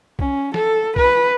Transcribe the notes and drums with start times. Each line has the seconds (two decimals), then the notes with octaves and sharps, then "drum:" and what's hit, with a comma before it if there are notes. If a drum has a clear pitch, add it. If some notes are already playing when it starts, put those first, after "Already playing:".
0.19 C#4, drum: kick B1
0.54 A4, drum: snare
0.96 B4, drum: kick B1